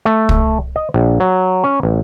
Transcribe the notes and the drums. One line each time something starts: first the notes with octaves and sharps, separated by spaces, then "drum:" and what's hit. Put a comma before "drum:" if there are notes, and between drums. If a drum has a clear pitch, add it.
A3
drum: kick
D#5
A#1
F#3
C#4
A1